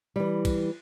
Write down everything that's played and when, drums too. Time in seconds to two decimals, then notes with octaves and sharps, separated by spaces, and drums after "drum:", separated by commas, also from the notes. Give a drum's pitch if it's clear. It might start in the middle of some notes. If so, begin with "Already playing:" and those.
0.16 E3 G3
0.45 drum: kick, cymbal